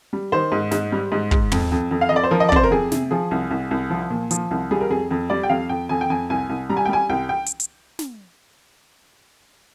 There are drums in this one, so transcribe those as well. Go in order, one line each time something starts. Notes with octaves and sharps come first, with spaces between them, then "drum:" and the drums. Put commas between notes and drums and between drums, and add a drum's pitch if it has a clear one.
G3
D#3 C5
G#2
G#2, drum: snare
G3
G#2
G#2, drum: kick
F2, drum: tom
F2
F2
F5
F2 D#5
D5
C5
F3 A#4
D#5
D5
C3 C5, drum: kick
A#4
F2 G#4
C3, drum: snare
F3 G#4
C2
C2
C2
F3
A#2
F3, drum: hi-hat
C2
G3 G#4
A#4
F2 G#4
F2
G3 D5
G5
F2 F5
F2 G5
F2 G#5
G5
F2 G#5
C2 G#5
C2
G3 A#5
G#5
G5
G3 G#5
C2 G5
G5
drum: hi-hat
drum: hi-hat
drum: snare